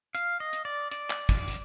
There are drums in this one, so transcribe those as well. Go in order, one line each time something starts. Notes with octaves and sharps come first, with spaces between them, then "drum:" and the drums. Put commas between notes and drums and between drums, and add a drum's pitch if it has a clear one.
F5, drum: hi-hat
D#5
drum: hi-hat
D5
D5, drum: hi-hat
drum: clap
drum: kick, hi-hat
drum: hi-hat